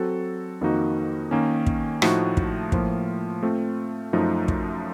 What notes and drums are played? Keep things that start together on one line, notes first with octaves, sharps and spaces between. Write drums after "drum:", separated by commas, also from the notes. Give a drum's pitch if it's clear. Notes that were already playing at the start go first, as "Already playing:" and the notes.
Already playing: F#3 C4 F#4 A4
F2 D#3 A#3 D#4 F#4
D#3 A#3 C#4
drum: kick
A2 F3 A3 D#4 F#4, drum: rim click
drum: kick
A2 F3 A#3 F4, drum: kick
A3 C4 F4
F#2 F3 A3 D#4
drum: kick